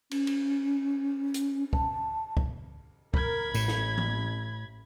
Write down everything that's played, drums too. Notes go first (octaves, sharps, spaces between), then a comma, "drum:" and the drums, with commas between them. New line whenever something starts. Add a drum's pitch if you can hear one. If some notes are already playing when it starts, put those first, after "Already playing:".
C#4, drum: cymbal
drum: cymbal
drum: hi-hat
A5, drum: kick
drum: kick
A#4 B5 G#6, drum: kick
A1 A2, drum: tambourine
drum: snare
drum: tom E3